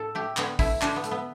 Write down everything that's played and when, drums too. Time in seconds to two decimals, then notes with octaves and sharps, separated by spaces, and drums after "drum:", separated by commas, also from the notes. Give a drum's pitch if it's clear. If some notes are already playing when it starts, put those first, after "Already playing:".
Already playing: A2 A4
0.15 A3 G4
0.37 D3 B3, drum: clap
0.59 A3 E4, drum: kick A1, open hi-hat
0.82 D3 D4, drum: clap
0.96 B3
1.04 A3, drum: hi-hat
1.11 B3